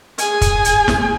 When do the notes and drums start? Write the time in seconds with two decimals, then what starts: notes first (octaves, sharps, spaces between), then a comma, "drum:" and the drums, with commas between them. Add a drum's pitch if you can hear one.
0.18 G#4 G#5, drum: hi-hat
0.41 drum: kick, hi-hat
0.65 drum: hi-hat
0.88 drum: snare